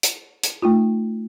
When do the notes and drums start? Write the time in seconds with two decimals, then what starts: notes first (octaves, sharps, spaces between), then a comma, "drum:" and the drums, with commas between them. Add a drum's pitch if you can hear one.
0.03 drum: hi-hat
0.43 drum: hi-hat
0.62 A3 D#4 F4